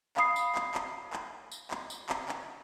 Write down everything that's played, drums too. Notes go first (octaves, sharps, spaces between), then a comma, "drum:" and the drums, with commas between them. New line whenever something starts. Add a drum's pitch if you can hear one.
F5 B5 D#6 C7, drum: clap
drum: tambourine
drum: clap
drum: clap
drum: clap
drum: tambourine
drum: clap
drum: tambourine
drum: clap
drum: clap